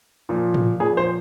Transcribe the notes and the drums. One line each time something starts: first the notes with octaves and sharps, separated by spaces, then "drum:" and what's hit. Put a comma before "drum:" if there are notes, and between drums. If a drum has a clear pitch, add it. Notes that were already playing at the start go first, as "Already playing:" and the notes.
A#2 F3
drum: tom A2
A#2 F3 G#4
C5